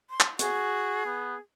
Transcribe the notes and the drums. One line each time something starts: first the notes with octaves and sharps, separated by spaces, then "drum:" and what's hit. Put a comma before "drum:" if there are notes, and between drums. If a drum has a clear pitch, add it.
C6
drum: clap
F#4 G#4, drum: hi-hat
B3